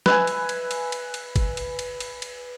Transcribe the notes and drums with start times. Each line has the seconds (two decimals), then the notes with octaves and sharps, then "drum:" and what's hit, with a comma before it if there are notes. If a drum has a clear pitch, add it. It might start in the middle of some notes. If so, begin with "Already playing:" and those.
0.06 B4 E5 G#5, drum: snare
0.27 drum: cymbal
0.49 drum: cymbal
0.71 drum: cymbal
0.92 drum: cymbal
1.14 drum: cymbal
1.36 drum: kick, cymbal
1.57 drum: cymbal
1.79 drum: cymbal
2.00 drum: cymbal
2.22 drum: cymbal